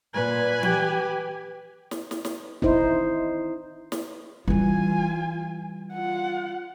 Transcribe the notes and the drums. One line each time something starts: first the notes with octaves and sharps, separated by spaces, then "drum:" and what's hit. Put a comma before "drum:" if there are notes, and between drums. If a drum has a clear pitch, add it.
A#2 B4 G#5
G4, drum: tom E3
drum: snare
drum: snare
drum: snare
D#4 E4 C5, drum: kick
drum: snare
E3 G3 F4 G#5, drum: kick
F4 F#5